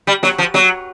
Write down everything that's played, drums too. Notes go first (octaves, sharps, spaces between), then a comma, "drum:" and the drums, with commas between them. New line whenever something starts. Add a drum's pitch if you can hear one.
G3
F#3, drum: snare
F3
F#3, drum: snare